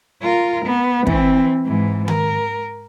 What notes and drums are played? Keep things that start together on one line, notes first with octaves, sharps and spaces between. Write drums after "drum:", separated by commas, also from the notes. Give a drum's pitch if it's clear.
F4 A#4
B3
E3 C4, drum: kick
G#2 E3
A#4, drum: tom D#3